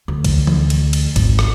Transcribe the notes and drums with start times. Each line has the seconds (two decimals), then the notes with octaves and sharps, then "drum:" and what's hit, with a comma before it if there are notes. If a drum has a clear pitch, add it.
0.08 D2
0.24 drum: kick, cymbal
0.47 drum: tom E3
0.70 drum: cymbal
0.93 drum: cymbal
1.16 G#1, drum: kick, cymbal
1.39 drum: rim click